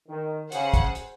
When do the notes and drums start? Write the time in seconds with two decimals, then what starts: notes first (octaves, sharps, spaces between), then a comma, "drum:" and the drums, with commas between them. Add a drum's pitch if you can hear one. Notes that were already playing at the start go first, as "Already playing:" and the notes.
0.09 D#3
0.52 C#3 G#4 C5 F#5, drum: hi-hat
0.74 drum: kick, hi-hat
0.95 drum: hi-hat